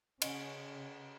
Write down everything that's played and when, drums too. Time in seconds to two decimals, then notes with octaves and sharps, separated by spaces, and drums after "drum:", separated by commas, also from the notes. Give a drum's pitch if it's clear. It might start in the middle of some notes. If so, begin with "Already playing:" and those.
0.22 C#3 C#4, drum: cymbal